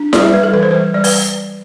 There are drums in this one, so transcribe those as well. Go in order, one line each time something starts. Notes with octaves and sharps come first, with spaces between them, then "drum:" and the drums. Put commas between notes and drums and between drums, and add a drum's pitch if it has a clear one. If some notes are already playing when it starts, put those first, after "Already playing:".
Already playing: D4
G3 D5, drum: snare E4
E5
G3 B4
A4
E3 B4
C5
B4
G3
G3 D5
B4, drum: open hi-hat